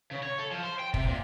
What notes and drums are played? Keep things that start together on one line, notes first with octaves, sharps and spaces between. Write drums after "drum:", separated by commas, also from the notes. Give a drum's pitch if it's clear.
C#3
C#5
A4
F3
C5
G5
C3, drum: kick
A#2